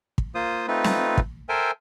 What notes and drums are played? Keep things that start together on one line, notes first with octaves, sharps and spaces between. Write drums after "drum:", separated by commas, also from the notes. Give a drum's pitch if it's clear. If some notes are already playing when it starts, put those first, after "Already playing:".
drum: kick
A#3 F4 C5 D#6
A3 C4 D#4 F4 B4
drum: snare
drum: kick
A4 A#4 C5 E5 G5 G#5